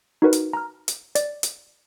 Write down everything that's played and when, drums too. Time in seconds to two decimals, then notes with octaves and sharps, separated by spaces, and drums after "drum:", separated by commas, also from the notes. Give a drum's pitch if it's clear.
0.22 D#4 F#4 A#4 B4
0.33 drum: hi-hat
0.53 A#5 F6
0.88 drum: hi-hat
1.15 D5, drum: hi-hat
1.43 drum: hi-hat